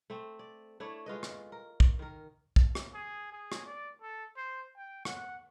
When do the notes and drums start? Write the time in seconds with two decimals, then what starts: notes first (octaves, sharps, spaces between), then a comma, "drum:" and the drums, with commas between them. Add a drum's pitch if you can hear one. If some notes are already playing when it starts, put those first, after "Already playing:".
0.10 A3 C4
0.39 D5
0.80 A3 D4 E4 C#5
1.06 G#3 F4 B4 D#5
1.23 drum: rim click
1.52 A#4
1.80 drum: kick
1.99 D#3 A#4
2.56 drum: kick
2.75 drum: rim click
2.94 G#4
3.32 G#4
3.52 drum: rim click
3.66 D5
4.02 A4
4.37 C5
4.77 G5
5.05 F#5, drum: rim click